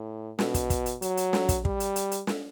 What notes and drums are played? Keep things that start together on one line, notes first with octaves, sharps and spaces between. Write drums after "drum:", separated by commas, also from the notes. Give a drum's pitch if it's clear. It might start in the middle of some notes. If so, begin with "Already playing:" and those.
Already playing: A2
B2, drum: snare
drum: kick, hi-hat
drum: kick, hi-hat
drum: hi-hat
F#3, drum: hi-hat
drum: hi-hat
drum: snare
drum: kick, hi-hat
G3, drum: kick
drum: hi-hat
drum: hi-hat
drum: hi-hat
drum: snare